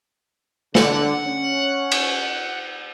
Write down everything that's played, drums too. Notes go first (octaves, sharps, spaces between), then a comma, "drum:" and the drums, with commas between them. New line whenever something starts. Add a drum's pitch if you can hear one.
D3 F#5, drum: snare
C#4
drum: cymbal